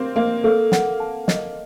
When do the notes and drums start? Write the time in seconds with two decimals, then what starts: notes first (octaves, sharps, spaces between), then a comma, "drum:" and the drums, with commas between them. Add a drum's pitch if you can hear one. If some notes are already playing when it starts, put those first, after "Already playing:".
Already playing: A#3 C4 G4
0.16 A#3 D#5
0.44 A#3 A4
0.72 F#5, drum: snare
1.00 A5
1.28 D#5, drum: snare